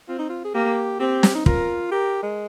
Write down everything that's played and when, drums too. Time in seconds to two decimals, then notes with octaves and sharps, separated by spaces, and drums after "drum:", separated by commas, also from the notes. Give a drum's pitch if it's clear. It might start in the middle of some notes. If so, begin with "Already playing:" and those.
0.09 C4 F4
0.19 D#4
0.30 F4
0.45 G#4
0.55 A#3 G4
1.00 C4 G4
1.23 drum: snare
1.35 D#4
1.46 F4 A#4, drum: kick
1.92 G4 A#4
2.23 G#3